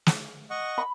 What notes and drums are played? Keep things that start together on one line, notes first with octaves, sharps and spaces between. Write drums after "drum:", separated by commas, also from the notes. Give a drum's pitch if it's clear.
drum: snare
D#5 F#5 C#6
B5